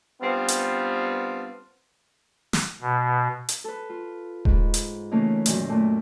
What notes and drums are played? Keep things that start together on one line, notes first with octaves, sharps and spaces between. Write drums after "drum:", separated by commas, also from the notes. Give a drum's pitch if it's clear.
G3 B3 C4 D4 F4
drum: hi-hat
drum: snare
B2
drum: hi-hat
A4 B4
F4
G#2 B5, drum: kick D#1
drum: hi-hat
C#3 E3 A3 A#3 C#4 D#4
F#2 A#2 D#3, drum: hi-hat
A#2 A3